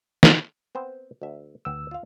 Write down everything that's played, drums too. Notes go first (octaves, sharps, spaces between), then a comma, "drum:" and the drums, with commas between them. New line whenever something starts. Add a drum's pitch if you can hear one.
drum: snare
B3 C4 C5
D2 E5
D2 B4 F#5 G5 E6
F4 F5